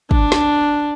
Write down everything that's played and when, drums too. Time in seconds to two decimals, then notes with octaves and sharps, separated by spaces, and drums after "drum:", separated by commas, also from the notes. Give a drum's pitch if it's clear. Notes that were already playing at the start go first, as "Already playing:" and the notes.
0.11 D4, drum: kick
0.32 drum: snare